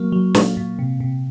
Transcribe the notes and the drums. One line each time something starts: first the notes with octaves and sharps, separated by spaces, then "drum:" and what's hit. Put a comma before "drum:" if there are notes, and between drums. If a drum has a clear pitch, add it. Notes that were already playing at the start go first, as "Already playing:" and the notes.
Already playing: F#3 A#3
F#3
A#2, drum: snare
A#2
C3
C3